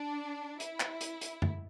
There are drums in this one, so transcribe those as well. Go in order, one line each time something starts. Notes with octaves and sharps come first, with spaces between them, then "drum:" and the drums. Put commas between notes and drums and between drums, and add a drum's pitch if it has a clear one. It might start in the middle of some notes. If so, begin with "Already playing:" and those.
Already playing: D4
E4, drum: hi-hat
drum: clap
drum: hi-hat
drum: hi-hat
drum: tom F#2